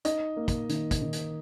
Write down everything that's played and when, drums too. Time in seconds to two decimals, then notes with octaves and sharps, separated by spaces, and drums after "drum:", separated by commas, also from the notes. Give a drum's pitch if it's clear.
0.05 D#4 D#5, drum: hi-hat
0.37 A#3
0.48 drum: kick, hi-hat
0.69 D#3, drum: hi-hat
0.91 drum: kick, hi-hat
1.02 D#3
1.13 drum: hi-hat